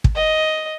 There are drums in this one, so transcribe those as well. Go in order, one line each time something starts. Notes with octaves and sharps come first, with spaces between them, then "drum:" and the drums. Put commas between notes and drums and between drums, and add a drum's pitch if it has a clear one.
drum: kick
D#5